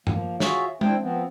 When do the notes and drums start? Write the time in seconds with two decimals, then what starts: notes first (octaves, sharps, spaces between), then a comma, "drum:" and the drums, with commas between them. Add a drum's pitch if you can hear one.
0.07 F3 A#3, drum: tom G2
0.40 F4 F#4 G#4 C#5 E5, drum: snare
0.81 C4 D4 E4 C5 G5, drum: tom G#3
1.02 F3 B3 C4